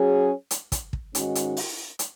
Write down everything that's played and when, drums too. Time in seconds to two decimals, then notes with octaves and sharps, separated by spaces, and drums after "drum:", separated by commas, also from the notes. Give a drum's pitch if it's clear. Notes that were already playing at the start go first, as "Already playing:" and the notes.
Already playing: F#3 C#4 G#4
0.51 drum: hi-hat
0.72 drum: kick, hi-hat
0.93 drum: kick
1.15 G#2 D#3 G#3 C#4 F#4, drum: hi-hat
1.35 drum: hi-hat
1.57 drum: open hi-hat
1.99 drum: hi-hat